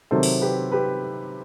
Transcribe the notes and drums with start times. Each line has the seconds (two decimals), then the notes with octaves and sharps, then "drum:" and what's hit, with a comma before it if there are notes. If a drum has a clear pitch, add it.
0.11 C3 D#3 F#3 A4 C5
0.23 drum: open hi-hat
0.41 G4 B4
0.72 G4 B4